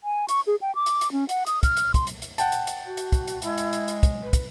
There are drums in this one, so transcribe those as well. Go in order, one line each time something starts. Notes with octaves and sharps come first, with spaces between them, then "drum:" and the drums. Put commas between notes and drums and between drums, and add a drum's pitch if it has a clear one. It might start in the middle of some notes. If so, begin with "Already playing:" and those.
G#5
C#6, drum: hi-hat
G#4
G5
D6
drum: hi-hat
drum: hi-hat
C#4
F#5, drum: hi-hat
D#6, drum: hi-hat
F6, drum: kick, hi-hat
drum: hi-hat
C6, drum: kick, hi-hat
drum: hi-hat
drum: hi-hat
F#5 G5 A5, drum: hi-hat
drum: hi-hat
drum: hi-hat
F#4
drum: hi-hat
drum: kick, hi-hat
drum: hi-hat
G#3 E4, drum: hi-hat
drum: hi-hat
drum: hi-hat
drum: hi-hat
drum: kick, hi-hat
B4
drum: kick, hi-hat